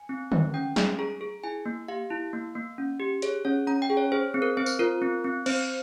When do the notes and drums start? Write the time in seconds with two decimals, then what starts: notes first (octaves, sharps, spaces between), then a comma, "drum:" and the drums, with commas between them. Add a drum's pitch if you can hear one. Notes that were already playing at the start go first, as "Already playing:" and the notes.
Already playing: G#5
0.09 C4
0.32 C4, drum: tom D3
0.54 C#4 G5
0.76 G#4 G#5, drum: snare
0.99 G#4 A#5
1.21 G#4
1.43 E4 G#5
1.66 A#3
1.88 G4 F5
2.10 E4
2.33 A#3
2.55 A#3
2.78 C#4
3.00 G4
3.22 G#4 C#5, drum: hi-hat
3.45 C#4 C#5
3.67 C#4 A#5
3.82 G5
3.90 G#4
3.97 C#5
4.12 G#4 C5
4.34 C4
4.42 A#4
4.57 C4 C5
4.66 drum: tambourine
4.79 F4 A#4
5.02 C4
5.24 C4
5.46 C4 C5, drum: cymbal